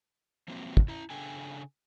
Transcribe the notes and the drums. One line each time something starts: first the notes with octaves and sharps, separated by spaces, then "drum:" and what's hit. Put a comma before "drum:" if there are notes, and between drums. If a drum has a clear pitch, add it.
F3 F#3 A#3 C4
drum: kick
E4 A#5
C#3 D4 A4 G5 G#5